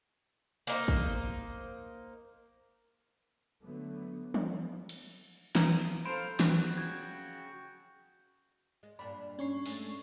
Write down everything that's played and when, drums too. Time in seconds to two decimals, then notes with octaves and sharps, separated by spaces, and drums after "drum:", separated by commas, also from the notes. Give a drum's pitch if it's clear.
0.67 A#3 D#4 C5
0.88 drum: kick
3.63 D3 F#3 A3 B3
4.34 drum: tom E3
4.89 drum: cymbal
5.55 A#5, drum: snare
6.05 A4 C5 F5 B5 C6 D7
6.40 C#3 F#4 G5, drum: snare
6.78 G#6
8.83 G#3
8.99 G2 A#2 D4 B5
9.39 C#4 C#6 C7
9.66 G#3 A3 E5, drum: open hi-hat